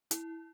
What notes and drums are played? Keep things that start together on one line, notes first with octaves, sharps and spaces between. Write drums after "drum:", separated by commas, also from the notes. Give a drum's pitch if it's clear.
E4, drum: hi-hat